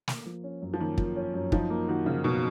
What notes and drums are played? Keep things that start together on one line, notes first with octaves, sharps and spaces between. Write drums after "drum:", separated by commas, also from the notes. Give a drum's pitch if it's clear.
A#3, drum: snare
F3
C#4
F#2
F3
D#3 A#3
F3, drum: kick
C#4
F#2
F3 D#4, drum: kick
A#3
D#3 F#4
C#3 F3
B2 D#4